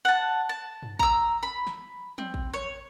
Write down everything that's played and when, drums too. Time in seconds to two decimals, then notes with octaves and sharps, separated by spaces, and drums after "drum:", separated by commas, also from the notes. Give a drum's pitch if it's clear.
0.05 F#5 A5
0.49 A5
0.83 drum: tom
0.99 A#5 E6, drum: kick
1.43 B5
1.67 drum: snare
2.18 C4, drum: tom
2.34 drum: kick
2.54 C#5